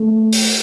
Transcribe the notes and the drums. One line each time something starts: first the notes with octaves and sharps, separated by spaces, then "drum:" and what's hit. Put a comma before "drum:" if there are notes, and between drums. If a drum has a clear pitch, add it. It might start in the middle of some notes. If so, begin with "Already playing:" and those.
Already playing: A3
drum: open hi-hat